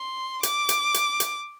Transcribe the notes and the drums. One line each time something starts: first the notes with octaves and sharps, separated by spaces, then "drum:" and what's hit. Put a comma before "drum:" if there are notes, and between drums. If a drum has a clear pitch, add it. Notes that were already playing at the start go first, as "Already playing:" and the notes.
Already playing: C6
D6, drum: hi-hat
drum: hi-hat
drum: hi-hat
drum: hi-hat